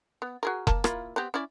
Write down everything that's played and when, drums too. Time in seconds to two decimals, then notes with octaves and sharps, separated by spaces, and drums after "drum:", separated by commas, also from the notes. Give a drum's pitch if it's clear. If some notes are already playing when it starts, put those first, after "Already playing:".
0.22 B3
0.43 F#4 G#4 A#4
0.67 A#3 A5, drum: kick F1
0.84 A#3 E4 F4, drum: rim click
1.16 B3 C4 G4
1.34 C#4 E4 D5